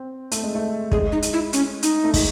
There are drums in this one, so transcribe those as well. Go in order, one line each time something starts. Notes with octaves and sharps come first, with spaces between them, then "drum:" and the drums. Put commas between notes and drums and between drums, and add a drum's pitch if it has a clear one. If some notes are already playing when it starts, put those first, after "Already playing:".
Already playing: C4
A3, drum: hi-hat
G#3
A3
G#3 G#4, drum: kick
D#4
drum: hi-hat
E4
C#4, drum: hi-hat
D#4, drum: hi-hat
A3
G#3, drum: kick, open hi-hat